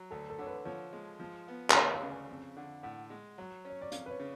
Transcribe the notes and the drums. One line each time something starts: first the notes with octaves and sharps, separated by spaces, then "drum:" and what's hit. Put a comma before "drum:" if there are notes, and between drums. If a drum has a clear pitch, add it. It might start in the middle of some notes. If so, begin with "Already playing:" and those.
Already playing: F#3
D2 A4
A4
D3 C#5
B4
F3 C#5
G#3
F3
B3
F5, drum: clap
D2 D5
F5
C#3
G#5
F2
D3
A2 F#5
G#3
F#3
C#4 C#5
D5
F2 F5, drum: hi-hat
B4
C#5
C#3